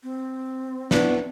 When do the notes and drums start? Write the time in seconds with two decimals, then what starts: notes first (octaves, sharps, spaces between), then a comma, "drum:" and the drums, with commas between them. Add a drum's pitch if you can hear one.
0.03 C4
0.91 B3 D4 E4 F#4, drum: snare